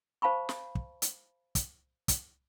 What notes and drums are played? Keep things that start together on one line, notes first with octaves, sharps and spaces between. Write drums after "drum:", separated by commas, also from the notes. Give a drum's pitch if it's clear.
C5 F5 A5 B5 C#6
drum: snare
drum: kick
drum: hi-hat
drum: kick, hi-hat
drum: kick, hi-hat